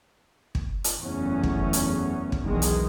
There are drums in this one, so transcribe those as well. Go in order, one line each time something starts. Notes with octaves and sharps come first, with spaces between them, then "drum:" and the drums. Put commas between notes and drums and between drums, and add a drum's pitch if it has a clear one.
drum: kick
drum: hi-hat
F#1 E2 E3 A3 B3 C#4
drum: kick
drum: hi-hat
drum: kick
B1 E2 D#3 G#3
drum: hi-hat